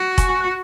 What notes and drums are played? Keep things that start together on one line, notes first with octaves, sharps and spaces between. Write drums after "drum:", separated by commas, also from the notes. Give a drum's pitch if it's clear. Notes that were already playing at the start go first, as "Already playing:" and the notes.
Already playing: F#4
G#5 C#6, drum: kick F1, hi-hat
G#5 C#6
C#6 F#6